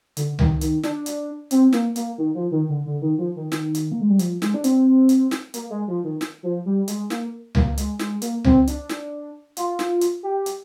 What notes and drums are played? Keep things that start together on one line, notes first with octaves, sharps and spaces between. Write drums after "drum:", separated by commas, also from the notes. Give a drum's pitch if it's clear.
D3, drum: hi-hat
D#3, drum: tom C#2
D#3, drum: hi-hat
D4, drum: snare
drum: hi-hat
C4, drum: hi-hat
A#3, drum: snare
A#3, drum: hi-hat
D#3
F3
D#3
D3
D3
D#3
F3
D#3
D#3, drum: snare
drum: hi-hat
A#3
G#3
G3
F3, drum: hi-hat
G#3, drum: snare
D4
C4, drum: hi-hat
drum: hi-hat
drum: snare
A#3, drum: hi-hat
G#3
F3
D#3
drum: snare
F3
G3
G#3, drum: hi-hat
A#3, drum: snare
A#3, drum: tom C#2
G#3, drum: hi-hat
G#3, drum: snare
A#3, drum: hi-hat
C4, drum: tom C#2
D4, drum: hi-hat
drum: snare
F4, drum: hi-hat
drum: snare
drum: hi-hat
G4
drum: hi-hat